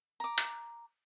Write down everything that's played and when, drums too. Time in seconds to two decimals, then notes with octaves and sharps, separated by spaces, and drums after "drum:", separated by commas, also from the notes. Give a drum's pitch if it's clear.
0.20 A#5 D6
0.38 drum: hi-hat